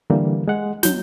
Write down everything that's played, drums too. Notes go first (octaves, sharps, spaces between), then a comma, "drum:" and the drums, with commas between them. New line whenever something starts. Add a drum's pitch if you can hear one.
D3 E3 G3 A#3
G#3 F#5
F#3 G6, drum: snare